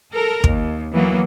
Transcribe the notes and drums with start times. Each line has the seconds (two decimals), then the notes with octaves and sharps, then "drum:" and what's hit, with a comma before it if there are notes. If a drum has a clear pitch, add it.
0.13 A4 A#4
0.44 D#2, drum: kick
0.94 E3 F#3 A#3 B3